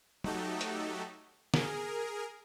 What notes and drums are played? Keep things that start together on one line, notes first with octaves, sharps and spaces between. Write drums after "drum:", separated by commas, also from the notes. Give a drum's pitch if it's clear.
F#3 A3 D#4 F#4 G4 A4, drum: tom
drum: hi-hat
G#4 A#4, drum: snare